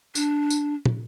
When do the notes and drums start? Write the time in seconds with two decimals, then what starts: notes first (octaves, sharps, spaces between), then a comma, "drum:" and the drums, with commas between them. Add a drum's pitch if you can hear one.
0.15 D4, drum: tambourine
0.50 drum: tambourine
0.86 drum: tom